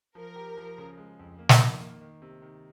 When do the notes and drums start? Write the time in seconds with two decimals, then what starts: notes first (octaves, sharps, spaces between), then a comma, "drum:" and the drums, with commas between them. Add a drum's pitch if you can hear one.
0.15 F3 A#4
0.36 G4
0.57 F3
0.78 C#3
0.97 G#3
1.19 F2
1.39 A#3
1.49 drum: snare
1.60 D#3
1.80 A#3
2.01 D#3
2.22 C3
2.42 D#3